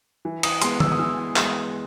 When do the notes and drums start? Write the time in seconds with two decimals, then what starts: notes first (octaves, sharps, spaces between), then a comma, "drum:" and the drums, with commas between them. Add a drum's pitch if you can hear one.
0.25 E3
0.43 D#6, drum: cymbal
0.62 G#3 B3 C6, drum: hi-hat
0.80 E6, drum: tom D3
0.92 D#6
0.99 E3 E6
1.36 G#3 B3, drum: clap